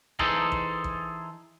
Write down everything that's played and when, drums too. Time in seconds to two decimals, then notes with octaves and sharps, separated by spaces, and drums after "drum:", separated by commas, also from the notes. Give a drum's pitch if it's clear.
0.19 E3 D#4 G#4 A4 C5, drum: kick
0.52 drum: kick
0.84 drum: kick